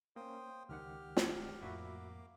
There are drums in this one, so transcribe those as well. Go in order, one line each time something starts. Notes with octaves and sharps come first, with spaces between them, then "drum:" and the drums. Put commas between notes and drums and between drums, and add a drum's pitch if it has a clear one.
A#3 C#4 C5 G5 D#6
C#2 D#3 G4 F#5 F6
drum: snare
F2 A2 F3 A#3 F#4 E5 B5 D6